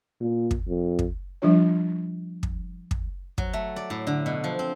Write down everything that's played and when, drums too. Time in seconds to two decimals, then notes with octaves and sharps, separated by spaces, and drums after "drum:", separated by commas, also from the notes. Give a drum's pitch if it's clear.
0.21 A#2
0.51 drum: kick
0.68 F2
0.99 drum: kick
1.42 F3 G3 D4 F4 C#5
2.43 drum: kick
2.91 drum: kick
3.38 F#3, drum: kick
3.53 A3
3.76 D5
3.90 A2
4.07 D3
4.26 B2
4.44 F3
4.59 C4